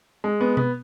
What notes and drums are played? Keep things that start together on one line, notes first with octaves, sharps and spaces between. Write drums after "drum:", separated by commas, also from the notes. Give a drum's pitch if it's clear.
G#3
B3
B3, drum: tom B2